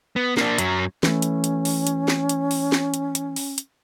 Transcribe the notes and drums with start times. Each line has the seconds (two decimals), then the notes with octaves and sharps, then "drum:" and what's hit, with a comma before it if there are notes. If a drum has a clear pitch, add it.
0.16 B3
0.37 A#3 D4, drum: snare
0.58 F#2 F#3, drum: hi-hat
1.03 E3 A3 C#4, drum: snare
1.22 drum: hi-hat
1.44 drum: hi-hat
1.65 drum: open hi-hat
1.87 drum: hi-hat
2.08 drum: snare
2.29 drum: hi-hat
2.51 drum: open hi-hat
2.72 drum: snare
2.94 drum: hi-hat
3.15 drum: hi-hat
3.36 drum: open hi-hat
3.58 drum: hi-hat